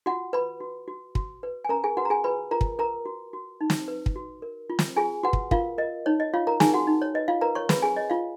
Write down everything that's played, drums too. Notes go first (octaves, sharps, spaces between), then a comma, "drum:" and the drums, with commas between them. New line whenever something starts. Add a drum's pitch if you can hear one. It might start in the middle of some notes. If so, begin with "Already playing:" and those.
F4 F#4 F#5
B4 B5
F#4
F#4
F#4, drum: kick
B4
G#5
C#4 A#4 A#5
G#4 G#5
F#4 B4 F#5
A#5
G#4 G#5
F4 B4 B5
F4 A#4 A#5
drum: kick
A#4 B4 A#5
F#4
F#4
D#4
drum: snare
B4
drum: kick
F#4
A#4
F4
drum: snare
F4 G#4 G#5
F#4 B4 F#5
drum: kick
F4 A#4 F5, drum: kick
A#4 D#5
D#4 C#5
D#5
F4 C#5 F5
A#4 A#5
D#4 G#4 G#5, drum: snare
F#4 F#5
D#4
C#5
B4 D#5
F4 F5
A#4 B4 A#5
C#5 C#6
G#4 B4 B5, drum: snare
G#4 G#5
C#5 D#5
F4 F5